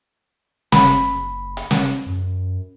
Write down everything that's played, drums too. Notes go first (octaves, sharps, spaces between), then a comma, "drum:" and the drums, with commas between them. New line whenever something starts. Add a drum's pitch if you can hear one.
F#1 B5, drum: snare
drum: hi-hat
drum: snare
F#2